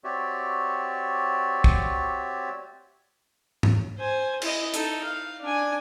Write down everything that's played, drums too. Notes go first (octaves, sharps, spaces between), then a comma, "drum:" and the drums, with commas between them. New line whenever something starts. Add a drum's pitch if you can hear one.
C4 F#4 G4 C#5 D5 E5
drum: kick
drum: tom G#2
C5 G#5
E4 D#5, drum: cymbal
D#4 A4, drum: hi-hat
F5
D4 G#5